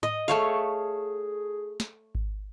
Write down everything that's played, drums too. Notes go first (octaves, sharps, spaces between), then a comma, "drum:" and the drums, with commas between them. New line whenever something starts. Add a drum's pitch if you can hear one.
D#5, drum: tom G#2
A3 G#4 C#5 F5
drum: snare
drum: kick G#1